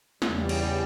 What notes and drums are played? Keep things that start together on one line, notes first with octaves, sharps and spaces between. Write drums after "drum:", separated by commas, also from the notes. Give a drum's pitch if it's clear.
E2 C#3 G3, drum: snare
drum: cymbal